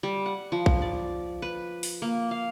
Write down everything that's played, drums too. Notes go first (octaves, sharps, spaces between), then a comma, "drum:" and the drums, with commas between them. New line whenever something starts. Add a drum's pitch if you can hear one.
G3
F#5
F3
drum: kick
D5
B4
drum: open hi-hat
A#3
F5